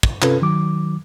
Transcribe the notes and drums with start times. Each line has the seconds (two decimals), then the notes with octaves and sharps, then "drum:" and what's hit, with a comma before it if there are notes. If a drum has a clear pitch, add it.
0.03 drum: kick
0.22 C3 C#4 F4 A4 B4, drum: clap
0.42 D#3 F#3 D6